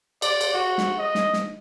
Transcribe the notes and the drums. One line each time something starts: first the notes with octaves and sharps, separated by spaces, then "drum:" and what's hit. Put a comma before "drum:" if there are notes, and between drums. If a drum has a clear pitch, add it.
D5, drum: cymbal
drum: cymbal
F#4
drum: snare
D#5
drum: snare
drum: snare